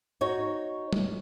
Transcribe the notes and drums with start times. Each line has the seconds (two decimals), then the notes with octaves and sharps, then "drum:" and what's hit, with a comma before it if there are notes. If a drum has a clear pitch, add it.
0.21 D#4 F#4 C#5
0.93 drum: tom G3